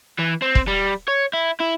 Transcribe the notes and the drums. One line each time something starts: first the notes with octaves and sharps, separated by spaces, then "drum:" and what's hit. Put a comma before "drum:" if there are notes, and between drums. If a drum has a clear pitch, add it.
E3
C4
drum: kick
G3
C#5
E4
E4